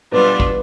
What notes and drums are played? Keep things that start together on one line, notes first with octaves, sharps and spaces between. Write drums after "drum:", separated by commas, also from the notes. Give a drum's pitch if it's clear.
B2 G3 D4 F4 B4
drum: kick